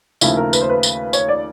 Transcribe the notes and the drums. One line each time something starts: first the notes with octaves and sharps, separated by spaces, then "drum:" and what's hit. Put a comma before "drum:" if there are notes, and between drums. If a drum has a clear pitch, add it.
D#2 C#3 F3 A3 E4, drum: tambourine
A#4
B4, drum: tambourine
C5
B4
drum: tambourine
C#5, drum: tambourine
D5